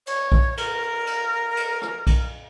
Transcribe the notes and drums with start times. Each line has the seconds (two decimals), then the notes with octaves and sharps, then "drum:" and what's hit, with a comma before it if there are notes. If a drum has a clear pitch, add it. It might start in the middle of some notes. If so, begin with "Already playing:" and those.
0.07 C#5, drum: cymbal
0.32 drum: kick
0.57 A#4, drum: cymbal
1.07 drum: cymbal
1.57 drum: cymbal
1.82 drum: rim click
2.07 drum: kick, cymbal